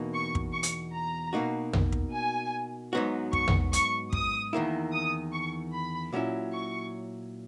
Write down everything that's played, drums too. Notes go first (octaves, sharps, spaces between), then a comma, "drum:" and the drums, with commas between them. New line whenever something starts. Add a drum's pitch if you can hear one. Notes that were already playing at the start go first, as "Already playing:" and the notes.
Already playing: E2 B2 A#3 D#4
C#6
drum: kick
C#6
drum: hi-hat
A#5
B2 A#3 D#4 F#4
drum: tom
drum: kick
G#5
G#2 F#3 B3 D#4 F#4
C#6, drum: kick
drum: tom
C#6, drum: hi-hat
D#6, drum: kick
E2 D#3 A#3 E4
D#6
C#6
B5
A#2 F#3 C#4 E4
C#6